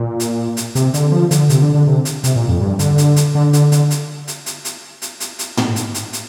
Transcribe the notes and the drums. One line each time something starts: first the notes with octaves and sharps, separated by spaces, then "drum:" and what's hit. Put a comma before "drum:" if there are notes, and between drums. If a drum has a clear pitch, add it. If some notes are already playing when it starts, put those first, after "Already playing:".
Already playing: A#2
drum: hi-hat
drum: hi-hat
C3, drum: hi-hat
D3, drum: hi-hat
F3
D3, drum: hi-hat
C3, drum: hi-hat
D3
D3
C3
drum: hi-hat
C3, drum: hi-hat
A#2
F2
G2
D3, drum: hi-hat
drum: hi-hat
drum: hi-hat
D3
D3, drum: hi-hat
D3, drum: hi-hat
drum: hi-hat
drum: hi-hat
drum: hi-hat
drum: hi-hat
drum: hi-hat
drum: hi-hat
drum: hi-hat
drum: tom
drum: hi-hat
drum: hi-hat
drum: hi-hat